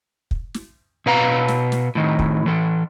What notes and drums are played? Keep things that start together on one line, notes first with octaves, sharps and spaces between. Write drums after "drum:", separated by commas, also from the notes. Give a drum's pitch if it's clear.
drum: kick
drum: snare
B2 B4 F5 A#5
drum: snare
drum: snare
A2 D#3
drum: kick
E3 A4